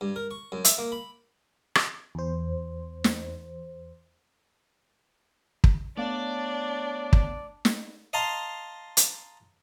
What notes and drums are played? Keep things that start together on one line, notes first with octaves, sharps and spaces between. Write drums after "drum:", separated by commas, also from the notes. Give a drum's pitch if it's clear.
G2
A#4
C#6
F#2
E5, drum: hi-hat
A#3
B5
drum: rim click
E2 C5
drum: snare
drum: kick
A3 B3 D4 C#5 D5 F5
drum: kick
drum: snare
D#5 F5 A5 A#5 C6
drum: hi-hat